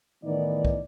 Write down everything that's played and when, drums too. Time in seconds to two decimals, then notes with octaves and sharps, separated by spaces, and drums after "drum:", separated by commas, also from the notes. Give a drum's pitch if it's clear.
0.24 A2 D#3 E3 B3 D#4 D5
0.65 drum: kick